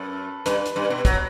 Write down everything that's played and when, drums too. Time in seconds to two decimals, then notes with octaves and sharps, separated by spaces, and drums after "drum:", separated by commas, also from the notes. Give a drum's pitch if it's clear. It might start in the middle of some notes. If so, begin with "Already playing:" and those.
Already playing: F#2 A4 B4
0.46 G2 B4, drum: hi-hat
0.66 drum: hi-hat
0.76 G2
0.90 B2
1.05 F#3, drum: kick, hi-hat